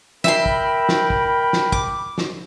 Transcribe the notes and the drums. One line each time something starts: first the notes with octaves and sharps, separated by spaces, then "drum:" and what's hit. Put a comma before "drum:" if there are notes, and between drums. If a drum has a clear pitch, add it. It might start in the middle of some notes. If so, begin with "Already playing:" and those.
A#4 E5 G5 B5 C6, drum: snare
drum: kick
drum: snare
drum: kick
drum: snare
D6, drum: kick
drum: snare